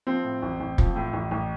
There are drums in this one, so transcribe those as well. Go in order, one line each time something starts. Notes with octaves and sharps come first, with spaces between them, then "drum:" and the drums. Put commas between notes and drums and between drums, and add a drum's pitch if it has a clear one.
F3 C4
A2
A1
A1
F3, drum: kick
A2
A1
A1